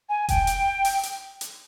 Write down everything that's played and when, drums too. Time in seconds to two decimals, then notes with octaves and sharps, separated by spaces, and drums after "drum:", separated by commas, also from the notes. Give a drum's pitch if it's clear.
0.09 G#5
0.29 G5, drum: kick F1, hi-hat
0.47 drum: hi-hat
0.85 drum: open hi-hat
1.03 drum: hi-hat
1.41 drum: hi-hat